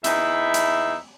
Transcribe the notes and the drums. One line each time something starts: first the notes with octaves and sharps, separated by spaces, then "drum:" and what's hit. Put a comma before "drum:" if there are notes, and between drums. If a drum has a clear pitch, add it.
E2 D#4 E4 E5, drum: hi-hat
drum: hi-hat